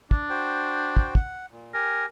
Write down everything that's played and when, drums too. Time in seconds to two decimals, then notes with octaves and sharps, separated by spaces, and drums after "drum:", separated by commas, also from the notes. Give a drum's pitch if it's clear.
0.11 D4, drum: kick
0.30 F#4 C5 G5
0.97 drum: kick
1.15 F#5, drum: kick
1.52 A#2
1.74 G4 A#4 G#5